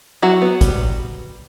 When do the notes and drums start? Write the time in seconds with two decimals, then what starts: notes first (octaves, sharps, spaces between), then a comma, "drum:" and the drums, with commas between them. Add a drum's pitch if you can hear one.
0.22 F#3 E4 F#4
0.42 B3
0.61 G3, drum: kick, hi-hat